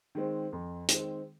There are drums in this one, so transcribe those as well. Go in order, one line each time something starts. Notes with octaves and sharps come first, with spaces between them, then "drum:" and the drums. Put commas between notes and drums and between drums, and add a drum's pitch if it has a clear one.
D#3 G#3 C4
F2
D#3 G#3 C4, drum: hi-hat